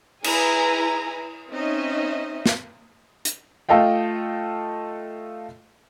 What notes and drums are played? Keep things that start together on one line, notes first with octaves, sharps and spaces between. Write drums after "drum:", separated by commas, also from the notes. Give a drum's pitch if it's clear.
E4 G#4 B4 G#5 A#5, drum: cymbal
C4 C#4 D#4 D#5 E5
drum: snare
drum: hi-hat
A3 F4 A4 D#5 F5 G5